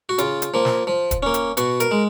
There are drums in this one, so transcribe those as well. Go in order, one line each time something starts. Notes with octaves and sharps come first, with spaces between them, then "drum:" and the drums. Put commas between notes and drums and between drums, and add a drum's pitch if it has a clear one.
F#4
C#3 F4, drum: hi-hat
drum: hi-hat
F3 A#3
drum: snare
F3
drum: kick, hi-hat
A#3 C#4
drum: hi-hat
B2 F#4, drum: hi-hat
A#4, drum: hi-hat
G#3